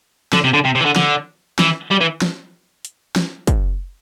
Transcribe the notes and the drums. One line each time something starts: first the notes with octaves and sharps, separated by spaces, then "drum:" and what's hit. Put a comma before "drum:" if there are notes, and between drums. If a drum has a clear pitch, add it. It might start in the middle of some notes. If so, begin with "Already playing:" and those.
D3, drum: snare
C3
D3
C3
C3
E3
D3
D3, drum: snare
E3, drum: snare
G3
E3
drum: snare
drum: hi-hat
drum: snare
drum: kick, hi-hat